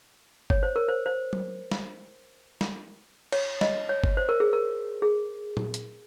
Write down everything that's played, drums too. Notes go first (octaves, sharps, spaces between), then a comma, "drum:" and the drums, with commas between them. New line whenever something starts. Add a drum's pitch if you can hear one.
C#5, drum: kick
C5
A#4
C5
C5
drum: tom F#3
drum: snare
drum: snare
C#5, drum: cymbal
D#5, drum: snare
C#5
drum: kick
C5
A#4
G#4
A#4
G#4
drum: tom A#2
drum: hi-hat